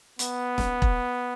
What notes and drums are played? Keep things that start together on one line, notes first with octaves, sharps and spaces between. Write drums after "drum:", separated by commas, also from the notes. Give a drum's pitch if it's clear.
B3, drum: hi-hat
drum: snare
drum: kick E1